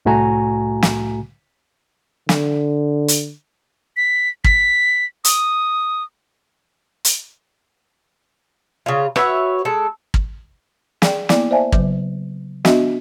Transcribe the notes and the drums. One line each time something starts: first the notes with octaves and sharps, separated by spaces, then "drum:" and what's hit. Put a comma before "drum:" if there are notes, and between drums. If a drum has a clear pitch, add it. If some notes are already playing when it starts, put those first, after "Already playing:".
C2 A2 A3 F#4 G#5 A#5
drum: snare
D3, drum: snare
drum: hi-hat
B6
B6, drum: kick
D#6, drum: hi-hat
drum: hi-hat
C#3 F4
F#4 B4 C#5 E5, drum: rim click
G#3 A4
drum: kick
G#4 D5 G5, drum: snare
A#3 B3 E4 D5, drum: snare
C5 D5 E5 F5 G#5 A5
C#3 F#3, drum: kick
B3 D4 F#4 D#5 E5, drum: snare